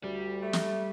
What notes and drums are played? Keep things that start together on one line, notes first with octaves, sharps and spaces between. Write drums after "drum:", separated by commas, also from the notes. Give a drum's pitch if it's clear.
D2 G3
A3
drum: snare